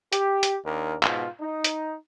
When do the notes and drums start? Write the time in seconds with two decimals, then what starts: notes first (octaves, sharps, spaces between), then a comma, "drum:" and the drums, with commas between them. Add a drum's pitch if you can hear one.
0.13 G4, drum: hi-hat
0.43 drum: hi-hat
0.66 D#2 D4 A#4
1.03 G#2 B2 F4, drum: clap
1.41 D#4
1.64 drum: hi-hat